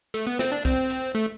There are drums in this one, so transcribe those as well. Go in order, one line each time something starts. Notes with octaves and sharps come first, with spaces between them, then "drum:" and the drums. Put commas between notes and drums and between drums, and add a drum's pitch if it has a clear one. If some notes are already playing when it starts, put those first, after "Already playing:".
A3, drum: hi-hat
B3
C4, drum: snare
D4
C4, drum: kick, hi-hat
drum: hi-hat
A3